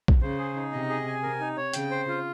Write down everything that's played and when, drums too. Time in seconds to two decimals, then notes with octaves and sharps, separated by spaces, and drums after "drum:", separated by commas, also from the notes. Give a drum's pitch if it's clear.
0.08 drum: kick
0.21 C#3 C5
0.39 G#4
0.56 D#4
0.72 C3 D#5
0.90 G#4
1.07 G#5
1.23 C3 A#4
1.40 D#4
1.57 C#5
1.74 C#3 G5, drum: hi-hat
1.91 C5
2.08 F4